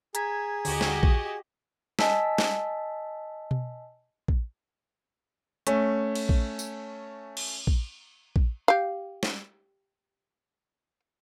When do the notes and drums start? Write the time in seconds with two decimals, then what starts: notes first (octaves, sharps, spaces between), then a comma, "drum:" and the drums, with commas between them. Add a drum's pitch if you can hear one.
0.15 G#4 A#5 G#6 B6, drum: hi-hat
0.65 D#2 D3 F#4 G4 D#5, drum: open hi-hat
0.81 drum: snare
1.03 drum: kick
1.99 D#5 G#5 A5 E6 B6, drum: snare
2.38 drum: snare
3.51 drum: tom B2
4.28 drum: kick
5.67 A3 C#4, drum: hi-hat
6.15 drum: cymbal
6.29 drum: kick
6.59 drum: tambourine
7.37 drum: cymbal
7.67 drum: kick
8.36 drum: kick
8.68 G4 F5
9.23 drum: snare